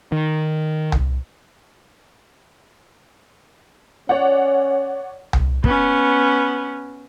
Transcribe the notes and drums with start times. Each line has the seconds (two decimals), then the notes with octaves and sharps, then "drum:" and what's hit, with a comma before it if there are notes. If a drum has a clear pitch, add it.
0.12 D#3
0.92 drum: tom C2
4.09 C#4 C#5 D5 F#5
5.33 drum: tom C2
5.64 B3 C#4, drum: kick